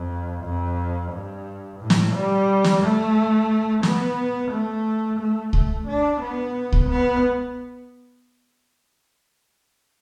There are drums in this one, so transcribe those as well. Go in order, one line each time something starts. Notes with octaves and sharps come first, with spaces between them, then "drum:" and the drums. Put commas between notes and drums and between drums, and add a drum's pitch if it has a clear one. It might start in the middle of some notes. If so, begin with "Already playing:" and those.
Already playing: F2
F2
G2
A2
drum: snare
G3
drum: snare
A3
B3, drum: snare
A3
A3
A3, drum: kick C2
D4
B3
drum: kick C2
B3